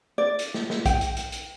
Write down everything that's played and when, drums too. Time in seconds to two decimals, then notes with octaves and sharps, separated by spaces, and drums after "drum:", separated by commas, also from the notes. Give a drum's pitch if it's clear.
0.18 D5
0.39 drum: hi-hat
0.54 drum: snare
0.70 drum: snare
0.86 G5, drum: kick, hi-hat
1.01 drum: hi-hat
1.17 drum: hi-hat
1.32 drum: hi-hat